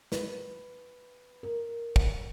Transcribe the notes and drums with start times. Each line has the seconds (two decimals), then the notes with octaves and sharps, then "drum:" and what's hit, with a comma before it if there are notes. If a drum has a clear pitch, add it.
0.12 B4, drum: snare
1.43 A#4
1.96 drum: kick